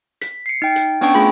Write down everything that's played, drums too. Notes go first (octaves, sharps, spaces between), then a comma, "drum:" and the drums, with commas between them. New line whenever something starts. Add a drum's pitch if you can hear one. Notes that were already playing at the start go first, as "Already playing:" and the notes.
B6, drum: hi-hat
C7 C#7
D#4 G5
drum: hi-hat
B3 C#4 D4 G5 C#6, drum: open hi-hat
A3 F4 G#4 B5